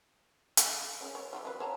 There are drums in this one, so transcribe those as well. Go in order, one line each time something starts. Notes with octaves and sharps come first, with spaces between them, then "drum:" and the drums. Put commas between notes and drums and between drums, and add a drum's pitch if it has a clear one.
drum: hi-hat
G#3 C#4
C#5
G3 F4 G4
F3 B4
C#5 A5 A#5